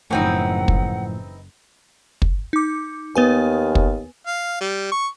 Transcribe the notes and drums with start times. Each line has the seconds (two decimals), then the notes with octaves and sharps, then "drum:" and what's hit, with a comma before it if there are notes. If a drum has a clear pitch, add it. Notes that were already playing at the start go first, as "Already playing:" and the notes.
0.11 F#1 A2 E3 F3 C4 D#4 F#5
0.68 drum: kick
2.22 drum: kick
2.53 D#4 D6
3.15 D#2 B3 B4 G#5
3.75 drum: kick
4.27 F5
4.61 G3
4.92 C#6